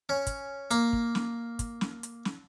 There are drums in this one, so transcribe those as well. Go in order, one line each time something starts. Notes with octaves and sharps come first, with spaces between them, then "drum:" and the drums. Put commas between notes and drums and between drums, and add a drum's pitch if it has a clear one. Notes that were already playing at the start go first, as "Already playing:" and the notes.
C#4
drum: kick, hi-hat
A#3, drum: hi-hat
drum: kick
drum: snare
drum: kick, hi-hat
drum: snare
drum: hi-hat
drum: snare